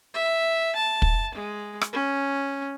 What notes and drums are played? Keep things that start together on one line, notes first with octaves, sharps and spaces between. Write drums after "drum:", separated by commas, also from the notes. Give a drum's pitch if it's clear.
E5
A5
drum: kick
G#3
drum: rim click
C#4